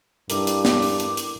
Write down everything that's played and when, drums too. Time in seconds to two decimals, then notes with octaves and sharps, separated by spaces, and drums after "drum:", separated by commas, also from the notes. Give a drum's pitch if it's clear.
0.30 G2 E4 A4 A#4 D6, drum: hi-hat
0.47 drum: hi-hat
0.65 drum: snare
0.82 drum: open hi-hat
1.00 drum: hi-hat
1.17 drum: hi-hat